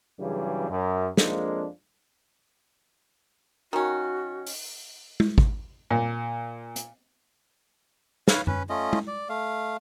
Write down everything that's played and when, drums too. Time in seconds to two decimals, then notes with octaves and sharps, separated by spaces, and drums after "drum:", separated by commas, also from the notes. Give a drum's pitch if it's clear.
0.20 G2 C#3 E3 F#3 G3 G#4
0.70 F#2
1.17 F2 F3 G#3 A#3 D4, drum: snare
3.73 D#3 C#4 F#4
4.46 drum: open hi-hat
5.20 drum: tom
5.38 drum: kick
5.91 A#2
6.76 drum: hi-hat
8.28 B4 C#5 F5, drum: snare
8.47 C#4 B4, drum: tom F#2
8.69 A3 C#4 F4 D#5
8.93 drum: tom
9.07 D5
9.29 A3 F5